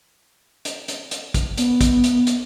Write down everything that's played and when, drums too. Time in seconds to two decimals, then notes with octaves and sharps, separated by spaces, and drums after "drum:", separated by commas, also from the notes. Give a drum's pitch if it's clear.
0.65 drum: hi-hat
0.88 drum: hi-hat
1.11 drum: hi-hat
1.34 drum: kick, hi-hat
1.58 B3, drum: hi-hat
1.81 drum: kick, hi-hat
2.04 drum: hi-hat
2.27 drum: hi-hat